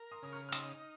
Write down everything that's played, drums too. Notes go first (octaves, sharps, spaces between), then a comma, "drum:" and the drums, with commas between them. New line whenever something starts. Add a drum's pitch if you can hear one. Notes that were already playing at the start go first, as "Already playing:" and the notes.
Already playing: A#4
C6 D#6
C#3 D#6
C#6 F6
F6
D#4 C6 D#6, drum: hi-hat